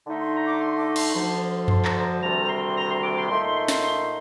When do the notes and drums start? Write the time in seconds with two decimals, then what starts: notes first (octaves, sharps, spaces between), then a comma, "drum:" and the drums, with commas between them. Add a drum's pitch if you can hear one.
0.07 D3 A3 D#4
0.21 C6
0.33 A#5
0.47 D6
0.60 C6
0.78 D6
0.96 C6, drum: cymbal
1.14 D2 D3 F3
1.68 C6, drum: tom F#2
1.85 A#5, drum: clap
1.95 A5
2.22 D2 C3 D#3 G3 A#5
2.44 A#5
2.48 C6
2.75 A#5
2.88 C6
3.02 D6
3.15 C6
3.28 A#2 A3 D#4 C6
3.42 C6
3.55 C6
3.68 C6, drum: snare
3.83 C6